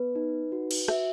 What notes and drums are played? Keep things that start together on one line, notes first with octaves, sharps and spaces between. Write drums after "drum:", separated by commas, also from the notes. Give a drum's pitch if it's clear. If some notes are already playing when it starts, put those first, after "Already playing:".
Already playing: B3 B4
D#4
F#4
drum: cymbal
F#4 E5, drum: rim click